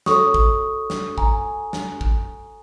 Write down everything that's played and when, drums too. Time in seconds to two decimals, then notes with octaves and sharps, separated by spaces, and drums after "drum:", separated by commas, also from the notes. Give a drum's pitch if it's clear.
0.06 F#4 A4 C#5 C#6 D#6, drum: snare
0.34 drum: kick A1
0.90 drum: snare
1.18 G#5 A#5, drum: kick A1
1.73 drum: snare
2.01 drum: kick A1